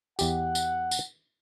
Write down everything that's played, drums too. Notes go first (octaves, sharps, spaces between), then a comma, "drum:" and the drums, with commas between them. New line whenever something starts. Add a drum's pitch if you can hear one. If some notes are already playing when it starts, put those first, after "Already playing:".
E2 G4 F#5, drum: tambourine
drum: tambourine
drum: tambourine